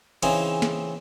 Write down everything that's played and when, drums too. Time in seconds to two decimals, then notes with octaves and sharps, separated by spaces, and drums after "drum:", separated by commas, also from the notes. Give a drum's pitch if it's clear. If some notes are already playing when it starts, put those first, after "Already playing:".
0.23 C#3 E3 C4 D#4 G#4, drum: cymbal
0.62 drum: snare